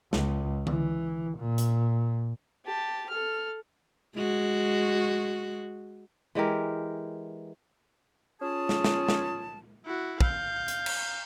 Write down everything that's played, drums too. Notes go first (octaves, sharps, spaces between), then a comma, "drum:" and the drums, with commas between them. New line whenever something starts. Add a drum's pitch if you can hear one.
C#2, drum: snare
E3, drum: tom D3
A#2
drum: hi-hat
G4 A5
A4 F6
G#3 F#4
E3 G#3 G4 A#4
C#4 F4 G#4 A5
drum: snare
drum: snare
drum: snare
E4 F#4
F5 G6, drum: kick
drum: hi-hat
drum: cymbal